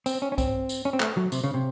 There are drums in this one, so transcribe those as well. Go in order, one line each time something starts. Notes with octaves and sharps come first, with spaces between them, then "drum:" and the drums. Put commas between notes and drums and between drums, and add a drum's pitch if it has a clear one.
C4, drum: tambourine
C#4
C#4
C4, drum: kick C2, tambourine
drum: tambourine
C#4
C4
A3, drum: clap
F#3
C3, drum: tambourine
C#3
C3